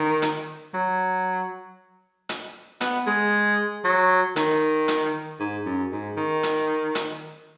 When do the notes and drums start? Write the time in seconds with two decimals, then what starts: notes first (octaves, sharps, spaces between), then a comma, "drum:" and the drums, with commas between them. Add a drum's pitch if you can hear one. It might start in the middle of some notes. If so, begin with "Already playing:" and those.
Already playing: D#3
0.22 drum: hi-hat
0.74 F#3
2.29 drum: hi-hat
2.81 B3, drum: hi-hat
3.07 G#3
3.84 F#3
4.36 D#3, drum: hi-hat
4.88 drum: hi-hat
5.40 G#2
5.66 F#2
5.92 G#2
6.17 D#3
6.43 drum: hi-hat
6.95 drum: hi-hat